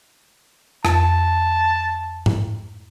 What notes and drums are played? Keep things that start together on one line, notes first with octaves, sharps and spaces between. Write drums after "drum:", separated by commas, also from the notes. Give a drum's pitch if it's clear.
F2 A5, drum: rim click
drum: tom G#2